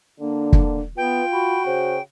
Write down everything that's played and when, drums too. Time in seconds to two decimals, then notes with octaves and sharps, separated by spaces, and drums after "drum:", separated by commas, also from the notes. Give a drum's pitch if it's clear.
0.20 D3 A#3 D4
0.53 drum: kick
0.97 B3 F4 B4 G5
1.32 F#4 B5
1.66 C#3 C5